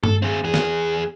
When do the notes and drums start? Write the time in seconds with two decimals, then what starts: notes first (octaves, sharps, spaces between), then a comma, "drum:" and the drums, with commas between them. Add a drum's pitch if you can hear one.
0.04 A4, drum: tom G2
0.22 C4 G#4
0.44 E2 G#4
0.54 drum: snare